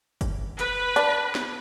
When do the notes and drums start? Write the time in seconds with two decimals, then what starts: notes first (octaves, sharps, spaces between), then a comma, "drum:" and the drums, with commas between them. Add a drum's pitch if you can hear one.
0.21 drum: kick F#1, hi-hat
0.59 B4, drum: hi-hat
0.96 D4, drum: hi-hat
1.35 drum: snare